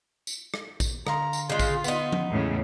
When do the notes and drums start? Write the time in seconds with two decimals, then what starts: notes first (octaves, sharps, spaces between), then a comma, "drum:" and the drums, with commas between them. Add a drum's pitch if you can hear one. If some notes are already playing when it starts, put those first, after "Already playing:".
0.27 drum: tambourine
0.54 drum: rim click
0.80 drum: kick, tambourine
1.07 D3 F5 A#5 C6, drum: rim click
1.33 drum: tambourine
1.50 C#3 G#3 F4
1.60 drum: kick, tambourine
1.84 B3 D#4, drum: tambourine
2.12 drum: tom F3
2.30 E2 A2 C#3